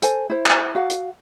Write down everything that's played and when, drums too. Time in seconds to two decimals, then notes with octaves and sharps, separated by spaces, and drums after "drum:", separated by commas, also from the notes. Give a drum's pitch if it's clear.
0.02 A4 C5 G#5, drum: hi-hat
0.30 E4 C5
0.46 drum: clap
0.75 F#4 F5 F#5
0.90 drum: hi-hat